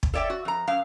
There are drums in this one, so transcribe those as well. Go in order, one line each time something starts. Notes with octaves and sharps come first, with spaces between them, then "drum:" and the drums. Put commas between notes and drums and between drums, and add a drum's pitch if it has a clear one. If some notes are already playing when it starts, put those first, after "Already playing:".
drum: kick
A4 C#5 D5 E5 G5
F#4
F2 A#5
F#2 F5